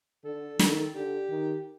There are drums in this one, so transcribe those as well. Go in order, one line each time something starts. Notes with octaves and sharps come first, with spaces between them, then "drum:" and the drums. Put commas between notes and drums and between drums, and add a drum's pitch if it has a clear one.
D3 A4
D#3, drum: snare
D3 G4
D#3